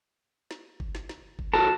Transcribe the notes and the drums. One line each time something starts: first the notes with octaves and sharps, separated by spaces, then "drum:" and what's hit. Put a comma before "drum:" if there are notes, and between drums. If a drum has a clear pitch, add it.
drum: snare
drum: kick G1
drum: snare
drum: snare
drum: kick G1
F#4 A4 A#4 A5